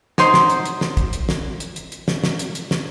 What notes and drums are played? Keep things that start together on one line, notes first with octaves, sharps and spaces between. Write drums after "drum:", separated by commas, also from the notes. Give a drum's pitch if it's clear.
F#3 D#4 C5 C6, drum: snare
drum: snare
drum: hi-hat
drum: hi-hat
drum: snare
drum: kick, hi-hat
drum: hi-hat
drum: snare
drum: hi-hat
drum: hi-hat
drum: hi-hat
drum: snare
drum: snare
drum: hi-hat
drum: hi-hat
drum: snare